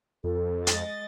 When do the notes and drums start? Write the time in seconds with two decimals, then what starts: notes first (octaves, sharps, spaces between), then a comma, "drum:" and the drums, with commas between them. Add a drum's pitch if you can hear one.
0.24 F2 A4
0.67 G#3 D#5 A6, drum: hi-hat